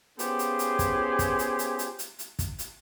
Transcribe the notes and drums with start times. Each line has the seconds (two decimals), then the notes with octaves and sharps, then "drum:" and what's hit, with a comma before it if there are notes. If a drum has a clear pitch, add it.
0.19 B3 C#4 F4 G4 G#4 C5, drum: hi-hat
0.39 drum: hi-hat
0.59 drum: hi-hat
0.79 drum: kick, hi-hat
1.19 drum: kick, hi-hat
1.39 drum: hi-hat
1.59 drum: hi-hat
1.79 drum: hi-hat
1.99 drum: hi-hat
2.19 drum: hi-hat
2.39 drum: kick, hi-hat
2.59 drum: hi-hat